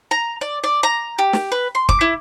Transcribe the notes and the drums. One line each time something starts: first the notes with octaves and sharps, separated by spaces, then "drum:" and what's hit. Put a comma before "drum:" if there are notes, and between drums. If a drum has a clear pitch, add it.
A#5
D5
D5
A#5
G4
drum: snare
B4
C6
D6, drum: kick
E4